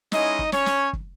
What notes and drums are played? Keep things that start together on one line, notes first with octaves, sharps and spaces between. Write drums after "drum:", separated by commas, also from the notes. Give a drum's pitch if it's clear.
G#3 C#4 D#4 E4 D#5, drum: snare
drum: kick
C#4 C#5, drum: snare
drum: snare
drum: kick